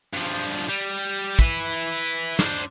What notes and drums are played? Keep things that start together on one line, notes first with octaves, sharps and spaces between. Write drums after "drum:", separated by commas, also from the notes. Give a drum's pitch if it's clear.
G2 F3, drum: hi-hat
G3
E4 B4, drum: kick
D4 C5, drum: snare